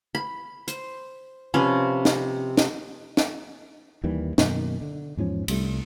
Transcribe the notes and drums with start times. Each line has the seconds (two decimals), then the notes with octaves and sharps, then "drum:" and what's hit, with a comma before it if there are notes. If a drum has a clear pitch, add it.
0.15 B5
0.68 C5, drum: hi-hat
1.54 C3 F3 C#4 B4
2.05 drum: snare
2.57 drum: snare
3.17 drum: snare
4.04 D#2 D#3 E3 G3
4.38 F#2 B2 D#3 A#3, drum: snare
4.81 D3
5.17 E2 G#2 F3 C#4
5.48 C2 G3 A3, drum: cymbal